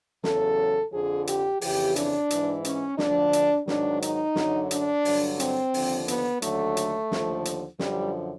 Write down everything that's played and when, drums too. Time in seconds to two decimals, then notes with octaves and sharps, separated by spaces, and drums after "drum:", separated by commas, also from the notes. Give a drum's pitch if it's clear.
0.24 E2 C#3 F#3 A4, drum: snare
0.92 F2 D3 F3 G#4
1.27 G4, drum: hi-hat
1.61 F2 C#3 E3 G4, drum: open hi-hat
1.96 D4, drum: hi-hat
2.30 G#2 E3, drum: hi-hat
2.65 C#4, drum: hi-hat
2.99 D2 D3 F3 D4, drum: snare
3.33 drum: hi-hat
3.68 G#2 D#3 F#3 D4, drum: snare
4.02 D#4, drum: hi-hat
4.36 F#2 D3 F#3, drum: snare
4.71 D4, drum: hi-hat
5.05 G2 D3 F#3, drum: open hi-hat
5.40 C4, drum: hi-hat
5.74 D#2 D3 F3, drum: open hi-hat
6.08 B3, drum: hi-hat
6.42 D#2 D3 F#3 A3, drum: hi-hat
6.77 drum: hi-hat
7.12 D#2 D3 F3, drum: snare
7.45 drum: hi-hat
7.79 F#2 D3 F3 G3, drum: snare